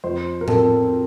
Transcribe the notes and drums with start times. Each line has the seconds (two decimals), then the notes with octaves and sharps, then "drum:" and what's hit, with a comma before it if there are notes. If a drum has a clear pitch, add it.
0.04 F2 C5
0.41 A#4
0.48 C4 A4, drum: tom